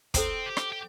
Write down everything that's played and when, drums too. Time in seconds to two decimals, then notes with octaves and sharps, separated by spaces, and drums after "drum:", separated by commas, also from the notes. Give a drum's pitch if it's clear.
0.14 C4 A4 C5 G5 A#5, drum: kick, hi-hat
0.46 G4
0.57 drum: rim click
0.72 G4